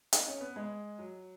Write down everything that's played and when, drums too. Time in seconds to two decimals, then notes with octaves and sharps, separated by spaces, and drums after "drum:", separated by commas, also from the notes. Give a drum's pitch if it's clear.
0.13 D#4, drum: hi-hat
0.28 C#4
0.41 B3
0.56 G#3
0.99 F#3